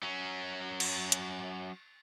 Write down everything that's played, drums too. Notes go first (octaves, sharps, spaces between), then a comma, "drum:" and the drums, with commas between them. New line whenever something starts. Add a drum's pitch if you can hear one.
F#3 C#4
drum: cymbal
drum: hi-hat